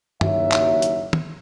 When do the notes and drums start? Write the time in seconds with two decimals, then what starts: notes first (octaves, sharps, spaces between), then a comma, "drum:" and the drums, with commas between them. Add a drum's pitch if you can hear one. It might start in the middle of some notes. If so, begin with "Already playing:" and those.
0.21 F#1 D#2 F#3 E5, drum: tom G2
0.52 drum: clap
0.82 drum: hi-hat
1.13 drum: tom